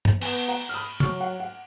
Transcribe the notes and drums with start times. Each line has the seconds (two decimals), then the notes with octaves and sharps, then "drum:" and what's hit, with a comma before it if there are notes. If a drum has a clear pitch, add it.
0.05 drum: tom G2
0.21 B3 G#5, drum: cymbal
0.48 F#5 A#5
0.69 F6
0.74 B5 D#6
1.00 F#3 C#6 F6, drum: tom
1.20 F#5
1.40 F#5